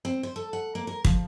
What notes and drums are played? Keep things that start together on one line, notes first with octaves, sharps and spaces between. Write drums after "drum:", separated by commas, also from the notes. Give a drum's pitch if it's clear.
C4
C5
A4
F#5
A#3
A#4
F3, drum: kick